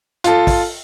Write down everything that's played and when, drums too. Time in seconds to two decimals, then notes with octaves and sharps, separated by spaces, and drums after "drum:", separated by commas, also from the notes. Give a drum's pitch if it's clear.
0.24 F4 A4, drum: hi-hat
0.47 drum: kick, open hi-hat